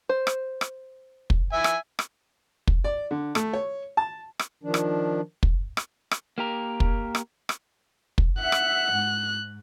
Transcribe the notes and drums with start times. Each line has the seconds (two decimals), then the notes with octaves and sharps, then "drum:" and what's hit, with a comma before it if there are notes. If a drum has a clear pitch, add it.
0.09 C5
0.27 drum: rim click
0.61 drum: rim click
1.30 drum: kick
1.53 E5 G#5
1.64 drum: rim click
1.99 drum: rim click
2.67 drum: kick
2.84 D5
3.11 D3
3.35 A3, drum: rim click
3.53 C#5
3.97 A5
4.39 drum: rim click
4.64 D#3 F3 D4
4.74 drum: rim click
5.43 drum: kick
5.77 drum: rim click
6.11 drum: rim click
6.38 A#3 G4 A#4
6.80 drum: kick
7.15 drum: rim click
7.49 drum: rim click
8.18 drum: kick
8.39 E5 F#5 F#6
8.52 drum: rim click
8.93 G#2